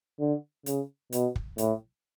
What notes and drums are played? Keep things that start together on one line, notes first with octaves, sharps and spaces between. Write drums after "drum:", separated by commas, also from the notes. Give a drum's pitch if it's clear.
D3
C#3, drum: hi-hat
B2, drum: hi-hat
drum: kick
A2, drum: hi-hat